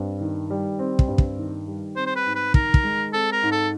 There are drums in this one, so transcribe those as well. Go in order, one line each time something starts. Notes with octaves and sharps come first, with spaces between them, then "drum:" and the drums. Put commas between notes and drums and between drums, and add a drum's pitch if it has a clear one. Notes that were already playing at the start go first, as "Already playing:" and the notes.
Already playing: G2 C4
D#3
G3
C4
drum: kick
G2
drum: kick
D#3
G3
C4 C5
C5
B4
G#2
B4
D#3 A#4, drum: kick
drum: kick
G#3
C4 A4
A#4
G#2
A4